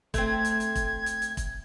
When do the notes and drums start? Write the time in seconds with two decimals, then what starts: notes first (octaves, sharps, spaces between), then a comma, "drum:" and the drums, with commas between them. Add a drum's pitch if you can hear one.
0.14 A3 C4 G#6, drum: kick, hi-hat
0.45 drum: hi-hat
0.60 drum: hi-hat
0.75 drum: kick, hi-hat
1.06 drum: hi-hat
1.22 drum: hi-hat
1.37 drum: kick, hi-hat